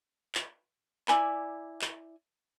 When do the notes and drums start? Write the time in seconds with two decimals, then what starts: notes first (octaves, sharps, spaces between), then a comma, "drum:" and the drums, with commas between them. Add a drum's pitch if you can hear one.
0.35 drum: clap
1.08 E4 D5 G#5 B5, drum: clap
1.81 drum: clap